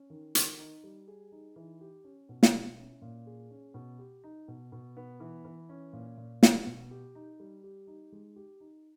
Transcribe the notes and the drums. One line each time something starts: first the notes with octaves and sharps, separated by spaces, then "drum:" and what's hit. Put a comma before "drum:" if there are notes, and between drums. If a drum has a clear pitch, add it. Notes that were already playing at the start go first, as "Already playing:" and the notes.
Already playing: C#4
D#3
D#3, drum: hi-hat
D#4
G3
G#4
D#4
E3
G4
C#4
B2
drum: snare
E4
C#4
A#2
G#4
C#4
B2
G4
D#4
B2
B2
B3
E3
E3
C#4
A#2
A#2
B3, drum: snare
B2
G4
D#4
G3
G4
D#4
G#3
G4
D#4